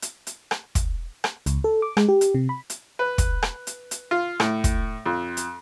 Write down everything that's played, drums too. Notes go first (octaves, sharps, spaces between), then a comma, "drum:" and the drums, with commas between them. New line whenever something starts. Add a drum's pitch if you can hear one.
drum: hi-hat
drum: hi-hat
drum: rim click
drum: kick, hi-hat
drum: rim click
C#2, drum: hi-hat
A4
D6
G#3, drum: rim click
G4
drum: hi-hat
C3
B5
drum: hi-hat
B4
drum: kick, hi-hat
drum: rim click
drum: hi-hat
drum: hi-hat
F4
A2, drum: rim click
drum: kick, hi-hat
F2
drum: hi-hat